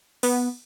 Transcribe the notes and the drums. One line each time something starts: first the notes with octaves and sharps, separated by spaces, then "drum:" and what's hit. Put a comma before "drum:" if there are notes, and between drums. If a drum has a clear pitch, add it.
B3, drum: open hi-hat